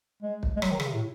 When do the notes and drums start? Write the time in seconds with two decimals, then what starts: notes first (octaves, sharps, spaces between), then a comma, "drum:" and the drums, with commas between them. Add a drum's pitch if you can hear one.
0.23 G#3
0.43 drum: kick
0.56 G#3
0.62 F#3, drum: rim click
0.72 D#3
0.80 C#3, drum: rim click
0.87 C3
0.94 A2